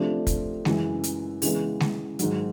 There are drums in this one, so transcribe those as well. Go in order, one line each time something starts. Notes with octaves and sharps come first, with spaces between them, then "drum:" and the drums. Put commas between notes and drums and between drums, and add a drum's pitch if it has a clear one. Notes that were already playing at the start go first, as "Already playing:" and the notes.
Already playing: C3 F3 A3 D4
drum: kick, hi-hat
F#2 C#3 E3 G#3, drum: snare
drum: hi-hat
C#3 E3 G#3 B3, drum: open hi-hat
drum: snare
G#2 D#3 F#3, drum: hi-hat